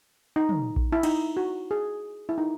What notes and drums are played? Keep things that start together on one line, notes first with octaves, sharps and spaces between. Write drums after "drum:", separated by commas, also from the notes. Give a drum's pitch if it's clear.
D#4
drum: tom
drum: kick A#1
E4
D#4, drum: cymbal
F#4
G#4
E4
D#4